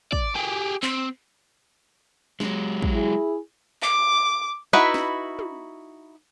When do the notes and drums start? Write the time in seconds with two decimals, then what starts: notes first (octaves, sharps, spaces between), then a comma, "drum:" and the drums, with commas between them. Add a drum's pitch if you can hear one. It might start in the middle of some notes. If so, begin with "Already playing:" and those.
0.12 D5, drum: kick
0.35 G4 G#4
0.83 C4, drum: clap
2.40 F#3 G#3, drum: snare
2.82 drum: kick
2.92 E4 G#4
3.82 D6, drum: clap
4.73 D#4 E4 F#4 B4 E5
4.94 drum: snare
5.39 drum: tom